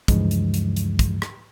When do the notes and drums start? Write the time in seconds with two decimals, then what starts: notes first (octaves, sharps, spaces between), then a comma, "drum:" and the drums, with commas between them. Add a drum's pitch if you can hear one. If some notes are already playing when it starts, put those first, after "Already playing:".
0.08 D2 G2 C#3 E3 F3 G#3, drum: kick, hi-hat
0.31 drum: hi-hat
0.54 drum: hi-hat
0.76 drum: hi-hat
0.99 drum: kick, hi-hat
1.22 drum: rim click